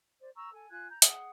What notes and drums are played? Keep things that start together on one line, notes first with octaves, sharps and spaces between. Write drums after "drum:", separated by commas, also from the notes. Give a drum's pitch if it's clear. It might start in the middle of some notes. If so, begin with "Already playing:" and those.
C5 D5
A#5 C#6 E6
A4 G#5
F4 G#5 F#6 G#6
A#5 G6
G#4 F#5 D#6, drum: hi-hat